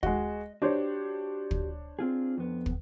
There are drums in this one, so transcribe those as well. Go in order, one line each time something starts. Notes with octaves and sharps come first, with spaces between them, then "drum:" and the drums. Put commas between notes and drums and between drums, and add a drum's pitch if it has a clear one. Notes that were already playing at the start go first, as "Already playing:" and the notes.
G#3 F#4 D#5, drum: kick
D4 F#4 G4 C5 C#5
drum: kick
C4 F4 G#4
F2 B3
drum: kick